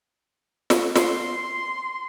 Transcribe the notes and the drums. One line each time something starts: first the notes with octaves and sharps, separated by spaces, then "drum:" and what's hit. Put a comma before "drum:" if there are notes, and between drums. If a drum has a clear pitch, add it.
drum: snare
C6, drum: snare